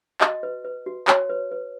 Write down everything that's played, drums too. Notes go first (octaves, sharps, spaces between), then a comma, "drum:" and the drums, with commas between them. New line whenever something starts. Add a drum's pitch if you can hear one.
F#4 D#5, drum: clap
B4
B4
F#4
F#4 C#5, drum: clap
B4
B4